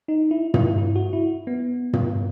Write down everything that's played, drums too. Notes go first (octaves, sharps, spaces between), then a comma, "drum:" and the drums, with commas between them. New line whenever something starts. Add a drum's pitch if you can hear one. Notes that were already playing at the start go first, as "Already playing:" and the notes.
D#4
E4
E4, drum: tom
E4
F#4
E4
B3
drum: tom